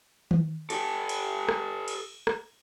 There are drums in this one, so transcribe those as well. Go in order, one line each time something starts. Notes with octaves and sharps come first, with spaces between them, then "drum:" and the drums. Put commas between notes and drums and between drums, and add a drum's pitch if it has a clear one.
drum: tom D#3
G4 A4, drum: cymbal
drum: cymbal
drum: rim click
drum: cymbal
drum: rim click